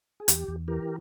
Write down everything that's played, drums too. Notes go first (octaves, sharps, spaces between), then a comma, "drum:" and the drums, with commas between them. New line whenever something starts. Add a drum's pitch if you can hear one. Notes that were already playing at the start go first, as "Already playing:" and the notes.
G#4
E2 G4, drum: hi-hat
E2
E3 G4 A#4